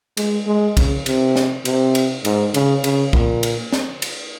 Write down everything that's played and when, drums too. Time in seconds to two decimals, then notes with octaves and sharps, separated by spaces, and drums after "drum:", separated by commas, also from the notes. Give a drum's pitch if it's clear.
0.17 G#3, drum: cymbal
0.47 G#3
0.77 C#3, drum: kick B1, cymbal
1.06 C3, drum: cymbal
1.36 drum: snare
1.65 C3, drum: cymbal
1.95 drum: cymbal
2.25 G#2, drum: cymbal
2.54 C#3, drum: cymbal
2.84 C#3, drum: cymbal
3.13 A#2, drum: kick B1
3.43 drum: cymbal
3.72 drum: snare
4.02 drum: cymbal